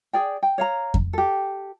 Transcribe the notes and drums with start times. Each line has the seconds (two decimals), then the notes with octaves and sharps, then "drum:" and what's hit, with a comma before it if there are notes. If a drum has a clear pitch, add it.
0.13 G#4 D5 G5
0.43 G5
0.58 C#5 F5 A#5
0.94 drum: kick F2
1.13 G4 A4